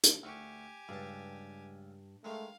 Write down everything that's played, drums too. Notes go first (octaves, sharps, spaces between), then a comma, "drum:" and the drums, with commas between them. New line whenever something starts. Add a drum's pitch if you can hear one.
drum: hi-hat
D2 G4 G#5 C#6
C#2 G2 A5
D#3 G#3 A3 F5